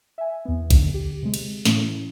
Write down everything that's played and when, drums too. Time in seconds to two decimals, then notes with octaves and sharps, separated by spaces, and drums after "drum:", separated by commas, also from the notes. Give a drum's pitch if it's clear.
0.18 E5 G#5
0.45 E2 B3
0.70 D#2 D3, drum: kick, cymbal
0.94 G4
1.22 C3 G#3
1.34 drum: cymbal
1.65 A2 E3 C#4, drum: snare